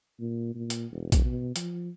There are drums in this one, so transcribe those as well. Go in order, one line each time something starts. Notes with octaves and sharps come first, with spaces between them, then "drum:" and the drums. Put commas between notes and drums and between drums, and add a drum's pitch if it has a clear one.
A#2
A#2
drum: hi-hat
E1
drum: kick A#1, hi-hat
B2
F3, drum: hi-hat